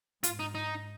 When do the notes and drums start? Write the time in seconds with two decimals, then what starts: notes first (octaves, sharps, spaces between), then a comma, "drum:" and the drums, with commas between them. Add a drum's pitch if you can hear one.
0.23 G#2 F4, drum: hi-hat
0.40 D#4
0.55 D#4